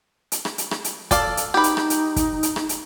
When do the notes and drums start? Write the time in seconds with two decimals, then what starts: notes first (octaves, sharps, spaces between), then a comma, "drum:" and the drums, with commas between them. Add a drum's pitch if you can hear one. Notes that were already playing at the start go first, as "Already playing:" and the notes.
0.32 drum: hi-hat
0.45 drum: rim click
0.58 drum: hi-hat
0.71 drum: rim click
0.84 drum: hi-hat
1.11 A4 D5 F5, drum: kick, hi-hat
1.37 drum: hi-hat
1.54 D#4 G4 B4
1.64 drum: hi-hat
1.77 drum: rim click
1.90 drum: hi-hat
2.16 drum: kick, hi-hat
2.43 drum: hi-hat
2.56 drum: rim click
2.69 drum: hi-hat